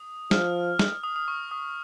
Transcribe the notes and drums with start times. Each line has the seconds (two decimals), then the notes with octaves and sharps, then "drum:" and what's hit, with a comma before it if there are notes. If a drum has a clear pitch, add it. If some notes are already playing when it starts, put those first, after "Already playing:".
Already playing: D#6
0.31 F3 F6, drum: snare
0.79 drum: snare
1.04 D#6
1.16 D#6
1.28 C#6
1.51 D#6